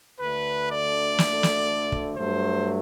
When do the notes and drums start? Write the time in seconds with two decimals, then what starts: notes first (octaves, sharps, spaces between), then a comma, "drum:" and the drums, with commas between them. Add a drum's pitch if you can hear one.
0.20 D2 D3 A3 B4
0.69 D5
1.18 drum: snare
1.43 drum: snare
1.92 drum: kick
2.17 G2 F#3 A3 C5